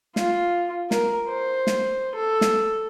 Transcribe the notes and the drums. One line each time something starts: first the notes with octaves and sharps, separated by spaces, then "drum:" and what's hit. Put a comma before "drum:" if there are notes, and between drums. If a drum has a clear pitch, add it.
F4, drum: snare
A#4, drum: snare
C5
drum: snare
A4
drum: snare